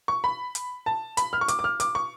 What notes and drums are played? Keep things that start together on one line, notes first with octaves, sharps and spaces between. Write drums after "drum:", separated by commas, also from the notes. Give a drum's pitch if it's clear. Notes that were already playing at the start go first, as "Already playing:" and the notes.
C#6
B5
drum: hi-hat
A5
B5, drum: hi-hat
F6
C#6
D6, drum: hi-hat
D6
F6
D6, drum: hi-hat
C#6